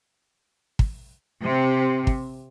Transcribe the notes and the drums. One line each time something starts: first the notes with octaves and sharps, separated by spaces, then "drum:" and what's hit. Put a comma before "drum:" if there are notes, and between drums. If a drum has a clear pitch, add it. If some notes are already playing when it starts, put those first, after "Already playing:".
drum: kick
C3
drum: kick